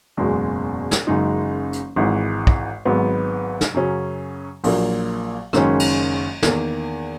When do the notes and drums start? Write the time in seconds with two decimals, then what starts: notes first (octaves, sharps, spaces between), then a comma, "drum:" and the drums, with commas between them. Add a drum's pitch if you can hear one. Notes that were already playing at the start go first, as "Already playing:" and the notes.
0.17 F#1 E2 B2 G#3
0.91 drum: snare
1.07 F#1 F#2 C#3 G#3 D#4
1.73 drum: hi-hat
1.96 G#1 G#2 E3
2.47 drum: kick
2.85 G#1 G#2 F#3 B3
3.61 drum: snare
3.74 F#2 C#3 F#3 C#4
4.64 A#1 A#2 F#3 A#3, drum: open hi-hat
5.53 F#1 F#2 D#3 G#3 C#4, drum: rim click
5.79 drum: cymbal
6.43 E2 D#3 A#3, drum: snare